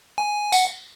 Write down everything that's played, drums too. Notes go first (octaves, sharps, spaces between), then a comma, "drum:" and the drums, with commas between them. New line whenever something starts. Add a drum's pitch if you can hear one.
G#5
F#5, drum: tambourine